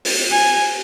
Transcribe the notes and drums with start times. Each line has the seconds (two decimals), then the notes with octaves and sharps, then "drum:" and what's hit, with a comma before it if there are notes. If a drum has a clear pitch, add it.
0.05 drum: open hi-hat
0.32 G#5